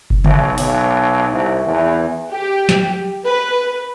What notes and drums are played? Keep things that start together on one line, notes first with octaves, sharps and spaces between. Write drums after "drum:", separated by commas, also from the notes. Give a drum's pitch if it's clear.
drum: kick F#1
B1, drum: tom C#3
B1, drum: open hi-hat
C2
E2
G4
drum: snare
B4